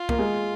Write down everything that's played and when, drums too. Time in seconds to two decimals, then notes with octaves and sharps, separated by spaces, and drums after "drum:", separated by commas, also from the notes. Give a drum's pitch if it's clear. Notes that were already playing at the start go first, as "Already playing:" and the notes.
Already playing: F4
0.09 A#3, drum: kick C2
0.18 G#3